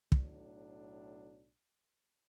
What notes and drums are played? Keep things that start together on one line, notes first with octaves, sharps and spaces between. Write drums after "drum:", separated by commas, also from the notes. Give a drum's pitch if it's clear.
B1 A2 F#3 D4, drum: kick